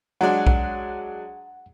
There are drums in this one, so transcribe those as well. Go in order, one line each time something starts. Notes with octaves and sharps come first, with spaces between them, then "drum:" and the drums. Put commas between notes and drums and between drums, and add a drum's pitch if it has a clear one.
F#3 G#3 D4 F#5
drum: kick B1